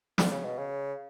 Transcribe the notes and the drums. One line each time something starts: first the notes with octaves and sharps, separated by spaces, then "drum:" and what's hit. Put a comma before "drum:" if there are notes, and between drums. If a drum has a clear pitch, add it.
D3, drum: snare
C#3
B2
C#3